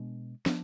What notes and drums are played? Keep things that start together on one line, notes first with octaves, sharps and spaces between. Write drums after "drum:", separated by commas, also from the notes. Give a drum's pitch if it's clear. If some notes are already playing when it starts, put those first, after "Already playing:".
Already playing: B2 G#3 B3 D4
F3 B3 D4, drum: snare